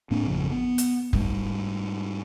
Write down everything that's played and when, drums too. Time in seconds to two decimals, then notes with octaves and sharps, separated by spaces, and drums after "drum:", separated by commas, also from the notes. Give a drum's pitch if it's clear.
0.11 A2 A#3 C4 D4
0.27 G#1 F2 C#3 F3
0.52 B3
0.78 drum: hi-hat
1.13 G#2 G3 A3, drum: kick F1